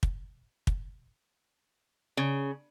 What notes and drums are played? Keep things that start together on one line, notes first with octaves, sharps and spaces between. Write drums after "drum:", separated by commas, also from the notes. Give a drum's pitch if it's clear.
drum: kick
drum: kick
C#3